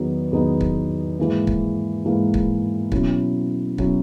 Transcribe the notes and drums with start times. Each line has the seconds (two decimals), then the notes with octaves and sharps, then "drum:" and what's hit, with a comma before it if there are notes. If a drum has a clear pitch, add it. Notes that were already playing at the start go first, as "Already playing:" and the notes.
Already playing: E2 D#3 F#3 B3 D#4
0.31 E2 D#3 F#3 B3 D#4
0.61 drum: kick
1.19 G#2 E3 A#3 E4
1.47 drum: kick
2.05 G#2 E3 A#3 E4
2.34 drum: kick
2.92 B2 F#3 C#4 E4, drum: kick
3.78 B2 F#3 C#4 E4, drum: kick